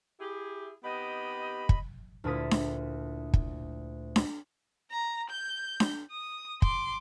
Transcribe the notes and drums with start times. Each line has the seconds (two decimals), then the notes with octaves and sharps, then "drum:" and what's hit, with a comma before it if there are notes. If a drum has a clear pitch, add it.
0.20 E4 G4 G#4
0.84 C3 B3 D#4 G4 D#5 B5
1.69 drum: kick
2.24 D2 A#2 E4 A5 D#6 B6
2.51 drum: snare D4
3.34 drum: kick
4.16 drum: snare D4
4.91 A#5
5.30 G6
5.80 drum: snare D4
6.12 D#6
6.62 C6 D6, drum: kick